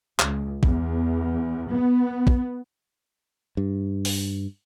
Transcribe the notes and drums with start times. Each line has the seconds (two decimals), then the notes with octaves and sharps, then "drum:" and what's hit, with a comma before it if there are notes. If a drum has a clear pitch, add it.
0.19 C#2, drum: clap
0.63 E2, drum: kick
1.71 B3
2.27 drum: kick
3.57 G2
4.05 drum: open hi-hat